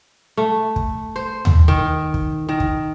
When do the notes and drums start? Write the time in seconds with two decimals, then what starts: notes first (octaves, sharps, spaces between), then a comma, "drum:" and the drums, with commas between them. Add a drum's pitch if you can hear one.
0.37 A3
0.76 drum: kick
1.16 C5
1.45 drum: tom
1.68 D#3, drum: kick
2.14 drum: kick
2.49 D#3
2.60 drum: kick